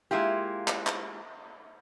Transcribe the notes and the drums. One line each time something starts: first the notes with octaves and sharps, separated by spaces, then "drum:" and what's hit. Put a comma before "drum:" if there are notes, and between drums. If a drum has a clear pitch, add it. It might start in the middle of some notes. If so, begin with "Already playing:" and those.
G#3 A#3 E4 F4 G4
drum: clap
drum: clap